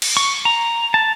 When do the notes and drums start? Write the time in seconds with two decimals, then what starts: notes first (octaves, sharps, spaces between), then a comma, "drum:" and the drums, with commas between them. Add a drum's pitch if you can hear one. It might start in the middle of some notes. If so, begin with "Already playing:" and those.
0.02 drum: cymbal
0.17 C#6
0.45 A#5
0.94 A5